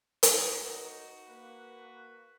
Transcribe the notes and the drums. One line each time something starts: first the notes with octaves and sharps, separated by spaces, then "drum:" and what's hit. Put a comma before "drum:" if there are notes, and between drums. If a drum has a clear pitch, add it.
drum: hi-hat
D#4 F#4
A#3 B4